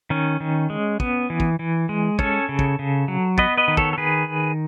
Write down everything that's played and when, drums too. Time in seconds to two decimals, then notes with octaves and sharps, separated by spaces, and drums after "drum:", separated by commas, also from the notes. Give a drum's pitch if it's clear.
0.10 D#3 C#4
0.40 D#3
0.70 G#3
1.00 B3, drum: kick
1.30 E3
1.40 drum: kick
1.59 E3
1.89 G#3
2.19 C#4 A4 C#5, drum: kick
2.49 C#3
2.59 drum: kick
2.79 C#3
3.08 F#3
3.38 B3 B4 D#5, drum: kick
3.57 B4 D#5
3.68 D#3
3.77 A4 C#5, drum: kick
3.93 A4
3.98 D#3 G#4 B4